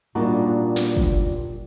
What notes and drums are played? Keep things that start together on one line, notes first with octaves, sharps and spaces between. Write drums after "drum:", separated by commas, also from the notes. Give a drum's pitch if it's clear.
A#2 G3 D4 D#4 F#4
drum: snare
drum: kick